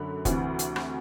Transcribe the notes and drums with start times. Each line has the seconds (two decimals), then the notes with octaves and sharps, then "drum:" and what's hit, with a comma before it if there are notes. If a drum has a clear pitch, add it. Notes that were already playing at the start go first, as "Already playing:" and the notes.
Already playing: F#2 D3 B5
0.25 D2 C3 E3, drum: kick, hi-hat
0.59 drum: hi-hat
0.76 drum: rim click